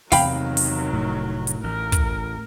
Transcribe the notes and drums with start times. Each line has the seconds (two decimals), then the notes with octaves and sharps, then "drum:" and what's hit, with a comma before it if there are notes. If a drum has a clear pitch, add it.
0.12 E2 C3 D#3 F#3 C4 F5 G5 B5, drum: open hi-hat
0.57 drum: open hi-hat
0.93 F1 A2
1.47 drum: hi-hat
1.64 A1 A#4
1.92 drum: kick, hi-hat